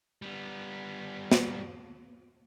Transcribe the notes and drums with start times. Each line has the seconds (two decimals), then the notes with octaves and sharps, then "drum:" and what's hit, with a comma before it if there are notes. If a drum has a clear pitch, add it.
0.22 G3 B3
1.32 drum: snare